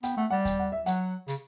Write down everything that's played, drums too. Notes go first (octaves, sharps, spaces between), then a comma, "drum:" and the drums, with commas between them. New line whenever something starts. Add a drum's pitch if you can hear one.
B3 G5, drum: hi-hat
A3 F#5
G3 F#5
G5, drum: kick D#2, hi-hat
F#5
E5
F#3 F#5, drum: hi-hat
C#3, drum: hi-hat